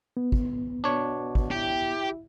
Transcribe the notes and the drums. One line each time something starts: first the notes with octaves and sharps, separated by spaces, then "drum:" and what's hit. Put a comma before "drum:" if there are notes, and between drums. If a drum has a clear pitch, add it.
B3
drum: kick
B2 D4 C#5
drum: kick
E4 G4